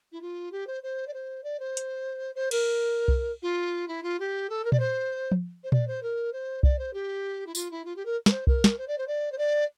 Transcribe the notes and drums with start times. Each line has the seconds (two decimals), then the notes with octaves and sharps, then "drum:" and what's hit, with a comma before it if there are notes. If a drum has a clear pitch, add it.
0.12 E4
0.22 F4
0.52 G4
0.67 C5
0.83 C5
1.07 D5
1.13 C5
1.43 D5
1.59 C5
1.77 drum: hi-hat
2.35 C5
2.51 A#4, drum: cymbal
3.08 drum: kick C2
3.42 F4
3.88 E4
4.03 F4
4.19 G4
4.49 A4
4.64 A#4
4.72 D5, drum: tom A#2
4.79 C5
5.32 drum: tom F3
5.64 C5
5.72 D5, drum: tom A#2
5.87 C5
6.02 A#4
6.33 C5
6.63 D5, drum: kick C2
6.79 C5
6.93 G4
7.46 E4
7.55 F4, drum: tambourine
7.71 E4
7.85 F4
7.96 G4
8.05 A#4
8.26 A#4, drum: snare
8.31 C5
8.47 A#4, drum: kick C2
8.64 drum: snare
8.78 C5
8.88 D5
8.98 C5
9.07 D5
9.32 C5
9.38 D5